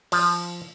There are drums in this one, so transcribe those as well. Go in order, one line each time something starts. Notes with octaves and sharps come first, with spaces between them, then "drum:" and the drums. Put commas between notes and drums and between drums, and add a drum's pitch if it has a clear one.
F3, drum: cymbal